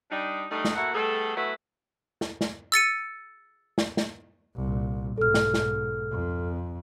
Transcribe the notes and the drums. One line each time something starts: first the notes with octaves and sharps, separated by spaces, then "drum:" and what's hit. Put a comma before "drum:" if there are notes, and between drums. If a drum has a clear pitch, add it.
G3 D4 D#4
G3 A3 D4 D#4
drum: snare
A3 A#3 E4 F#4 F#5
G3 A3 B3 G#4 A4
F#3 A3 B3 E4 F#4 B4
drum: snare
drum: snare
E6 A6 C#7 D#7
drum: snare
drum: snare
C2 A#2
B1 G#2 A4 F6
drum: snare
drum: snare
F2